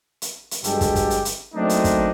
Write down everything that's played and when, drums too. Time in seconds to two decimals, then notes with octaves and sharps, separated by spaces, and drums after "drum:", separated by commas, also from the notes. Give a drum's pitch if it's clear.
0.22 drum: hi-hat
0.51 drum: hi-hat
0.64 G1 G2 F#3 G#3 G4 A4, drum: hi-hat
0.81 drum: kick, hi-hat
0.96 drum: kick, hi-hat
1.10 drum: hi-hat
1.25 drum: hi-hat
1.55 F#3 A3 A#3 C4 D4 D#4
1.69 drum: hi-hat
1.84 drum: kick, hi-hat